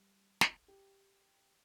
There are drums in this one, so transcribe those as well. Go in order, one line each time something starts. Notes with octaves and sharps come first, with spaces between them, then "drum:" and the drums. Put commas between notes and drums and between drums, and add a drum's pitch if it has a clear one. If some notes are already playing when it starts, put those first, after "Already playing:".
Already playing: G3
drum: snare
G4